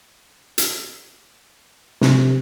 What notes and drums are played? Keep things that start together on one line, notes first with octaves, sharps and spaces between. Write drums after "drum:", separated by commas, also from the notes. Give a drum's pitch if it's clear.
drum: hi-hat
C3, drum: snare